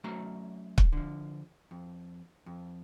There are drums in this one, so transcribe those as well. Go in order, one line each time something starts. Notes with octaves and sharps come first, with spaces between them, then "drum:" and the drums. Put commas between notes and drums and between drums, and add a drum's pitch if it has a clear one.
F#3 A3 C#4 A#5
drum: kick
D3 F3
F2
F2